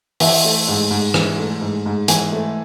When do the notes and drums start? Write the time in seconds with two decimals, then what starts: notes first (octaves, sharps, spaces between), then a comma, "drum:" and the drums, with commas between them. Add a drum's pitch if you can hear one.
0.20 E3 E5, drum: open hi-hat
0.45 A3
0.68 G#2
0.91 G#2
1.14 E3, drum: rim click
1.38 A3
1.61 G#2
1.86 G#2
2.08 E3 G#5, drum: hi-hat
2.32 A3